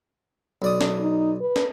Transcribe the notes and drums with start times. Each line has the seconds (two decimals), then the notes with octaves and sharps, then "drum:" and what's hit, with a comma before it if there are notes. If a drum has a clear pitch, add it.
0.62 B1 D5 D#6
0.81 drum: snare
1.00 D#4
1.41 B4
1.56 drum: snare